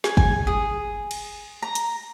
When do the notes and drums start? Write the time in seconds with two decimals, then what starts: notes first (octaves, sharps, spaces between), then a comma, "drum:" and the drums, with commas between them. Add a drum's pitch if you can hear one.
0.04 G#4, drum: snare
0.17 G#5, drum: kick
0.47 G#4
1.11 drum: cymbal
1.62 A#5
1.75 drum: hi-hat